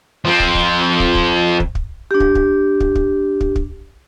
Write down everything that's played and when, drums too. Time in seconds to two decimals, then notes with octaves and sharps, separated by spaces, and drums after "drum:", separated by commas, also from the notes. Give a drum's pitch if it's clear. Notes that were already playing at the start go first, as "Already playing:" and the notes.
0.25 F3 C4
0.40 drum: kick
0.55 drum: kick
1.00 drum: kick
1.15 drum: kick
1.60 drum: kick
1.75 drum: kick
2.11 D4 G4
2.20 drum: kick
2.35 drum: kick
2.80 drum: kick
2.95 drum: kick
3.41 drum: kick
3.56 drum: kick